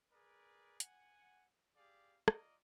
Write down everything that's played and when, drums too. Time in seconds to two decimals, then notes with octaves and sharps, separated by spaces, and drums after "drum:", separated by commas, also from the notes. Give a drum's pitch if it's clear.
0.12 G#4 A#4 B4 D5
0.80 F#5 G#5, drum: hi-hat
1.76 G4 G#4 D5 F5
2.28 F4 D5 D#5 A#5, drum: rim click